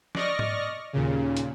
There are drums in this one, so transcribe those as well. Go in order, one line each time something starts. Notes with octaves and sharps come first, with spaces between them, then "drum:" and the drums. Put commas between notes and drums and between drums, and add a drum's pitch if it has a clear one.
D5 D#5 C#6 F6 A#6, drum: snare
drum: tom G#2
D#2 A#2 C#3
drum: hi-hat